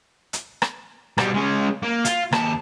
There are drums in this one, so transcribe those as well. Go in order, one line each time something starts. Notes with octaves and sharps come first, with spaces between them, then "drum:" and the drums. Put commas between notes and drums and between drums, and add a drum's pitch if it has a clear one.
drum: hi-hat
drum: rim click
B2 G3, drum: rim click
G#3 C#4
A#3
F4, drum: hi-hat
D#2 A5, drum: rim click